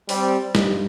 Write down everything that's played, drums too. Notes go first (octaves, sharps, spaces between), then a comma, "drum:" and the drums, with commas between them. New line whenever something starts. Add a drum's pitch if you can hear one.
G3 C4, drum: open hi-hat
G2 G3 D#4, drum: snare